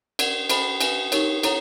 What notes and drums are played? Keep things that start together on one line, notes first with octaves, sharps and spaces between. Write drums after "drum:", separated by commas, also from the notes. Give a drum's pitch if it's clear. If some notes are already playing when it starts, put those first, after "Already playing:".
A#4 D5 F#5, drum: cymbal
A4 C5 D#5 G#5 B5, drum: cymbal
B4 E5 G#5, drum: cymbal
D#4 G4 A#4 C#5, drum: cymbal
E4 A4 C#5 F#5 A#5, drum: cymbal